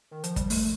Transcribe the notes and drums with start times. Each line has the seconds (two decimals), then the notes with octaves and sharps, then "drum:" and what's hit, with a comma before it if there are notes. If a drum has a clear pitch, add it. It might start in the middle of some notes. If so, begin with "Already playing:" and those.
0.11 D#3
0.24 F3, drum: hi-hat
0.36 G3, drum: kick, hi-hat
0.50 A3, drum: open hi-hat